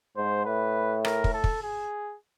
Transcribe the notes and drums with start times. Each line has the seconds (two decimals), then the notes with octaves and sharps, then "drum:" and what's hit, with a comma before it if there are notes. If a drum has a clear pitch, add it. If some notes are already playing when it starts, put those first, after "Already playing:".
0.17 G#2 C5
0.45 A2 B4
1.05 A#4, drum: rim click
1.24 drum: kick
1.33 A4
1.44 drum: kick
1.63 G#4